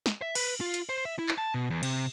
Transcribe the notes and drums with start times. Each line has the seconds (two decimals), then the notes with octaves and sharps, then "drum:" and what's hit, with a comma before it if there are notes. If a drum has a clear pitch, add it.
0.06 drum: snare
0.22 E5
0.35 B4, drum: cymbal
0.61 F4
0.74 drum: hi-hat
0.89 C5
1.05 E5
1.19 E4
1.29 drum: clap
1.38 A5
1.54 B2
1.70 E2
1.83 C3, drum: cymbal